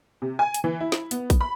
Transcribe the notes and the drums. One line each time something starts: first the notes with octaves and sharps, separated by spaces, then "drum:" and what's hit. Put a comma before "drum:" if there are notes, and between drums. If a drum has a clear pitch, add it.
C3
G#5
drum: hi-hat
E3
E4
drum: snare
B3, drum: hi-hat
drum: kick, hi-hat
B5